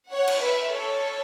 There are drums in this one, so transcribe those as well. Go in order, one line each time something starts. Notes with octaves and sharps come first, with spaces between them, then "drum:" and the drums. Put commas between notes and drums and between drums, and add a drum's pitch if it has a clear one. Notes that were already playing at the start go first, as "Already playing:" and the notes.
C#5 F#5
drum: cymbal
B4 E5
A4 C#5